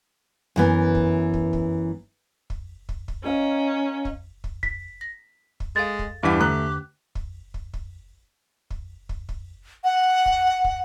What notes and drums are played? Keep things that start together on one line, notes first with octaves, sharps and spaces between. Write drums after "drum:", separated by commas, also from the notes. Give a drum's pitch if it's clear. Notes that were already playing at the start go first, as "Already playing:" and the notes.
F#2 E3 B3
drum: kick
drum: kick
drum: kick
drum: kick
drum: kick
drum: kick
C#4 A#4 D#5 F5
drum: kick
drum: kick
B6, drum: kick
A#6
drum: kick
G#3 A4 F5 A6
drum: kick
E2 G2 E3 G4 B4 F#5 B6
D3 A3 A#5 F#6
drum: kick
drum: kick
drum: kick
drum: kick
drum: kick
drum: kick
F#5
drum: kick
drum: kick